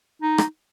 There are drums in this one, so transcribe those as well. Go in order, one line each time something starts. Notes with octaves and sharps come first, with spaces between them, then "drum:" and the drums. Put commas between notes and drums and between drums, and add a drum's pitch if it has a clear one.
D#4
drum: rim click